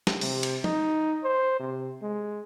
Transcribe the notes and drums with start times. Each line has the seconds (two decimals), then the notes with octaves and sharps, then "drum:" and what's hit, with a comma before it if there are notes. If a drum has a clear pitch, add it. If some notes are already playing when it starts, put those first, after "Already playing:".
0.07 drum: snare
0.21 C3, drum: open hi-hat
0.43 drum: cymbal
0.64 D#4, drum: tom F3
1.24 C5
1.59 C3
2.02 G#3